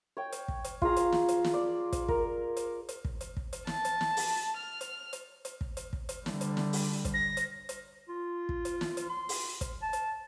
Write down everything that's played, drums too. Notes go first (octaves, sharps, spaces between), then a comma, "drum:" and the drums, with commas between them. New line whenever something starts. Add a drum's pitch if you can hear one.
C#5 G5
drum: hi-hat
drum: kick
drum: hi-hat
F4 G#4 A#5, drum: kick
drum: hi-hat
drum: snare
drum: hi-hat
drum: snare
D5
drum: kick, hi-hat
A#4, drum: kick
drum: hi-hat
drum: hi-hat
drum: kick
drum: hi-hat
drum: kick
drum: hi-hat
A5, drum: snare
drum: hi-hat
drum: snare
drum: open hi-hat
F6
drum: hi-hat
drum: hi-hat
drum: hi-hat
drum: kick
drum: hi-hat
drum: kick
drum: hi-hat
D3 G3, drum: snare
drum: hi-hat
drum: snare
drum: open hi-hat
drum: kick, hi-hat
A#6
drum: hi-hat
drum: hi-hat
F4
drum: kick
drum: hi-hat
drum: snare
drum: hi-hat
C6
drum: open hi-hat
drum: kick, hi-hat
A5
drum: hi-hat